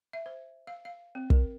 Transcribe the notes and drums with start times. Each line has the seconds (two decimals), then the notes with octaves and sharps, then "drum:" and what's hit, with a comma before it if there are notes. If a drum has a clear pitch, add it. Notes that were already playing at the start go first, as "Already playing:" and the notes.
0.13 E5
0.26 C5
0.67 F5
0.85 F5
1.15 C4
1.30 A#4, drum: kick